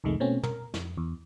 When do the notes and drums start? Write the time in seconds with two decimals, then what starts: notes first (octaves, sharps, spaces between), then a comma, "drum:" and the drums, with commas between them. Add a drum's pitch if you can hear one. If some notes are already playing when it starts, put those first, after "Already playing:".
0.04 C2 F2 D#3 G#3 A3
0.20 B2 A3 A#3 C4 C#4
0.43 A#4, drum: tom
0.74 F2, drum: snare
0.97 E2